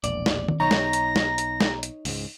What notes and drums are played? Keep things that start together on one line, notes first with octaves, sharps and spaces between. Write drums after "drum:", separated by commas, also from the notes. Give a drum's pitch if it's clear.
E1 A#1 D5, drum: hi-hat
drum: snare
drum: tom D#3
B1 D#4 C#5 A#5 A#6
drum: snare
drum: hi-hat
drum: snare
drum: hi-hat
drum: snare
drum: hi-hat
C#2 G#2, drum: open hi-hat